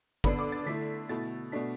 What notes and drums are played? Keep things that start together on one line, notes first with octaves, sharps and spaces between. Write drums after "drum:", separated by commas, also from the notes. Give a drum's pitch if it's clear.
D3 B3 D4 B5, drum: kick
D6
A6
D3 A3 E4 B6
B2 A3 E4 A6
B2 A3 D4 B6